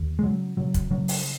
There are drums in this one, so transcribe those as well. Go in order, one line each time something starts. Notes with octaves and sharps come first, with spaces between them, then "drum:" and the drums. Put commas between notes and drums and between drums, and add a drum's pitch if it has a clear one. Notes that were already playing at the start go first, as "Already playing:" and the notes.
Already playing: D#2
G#3
C#3 F#3
C#3 F#3
drum: kick, hi-hat
C#3 F#3
drum: open hi-hat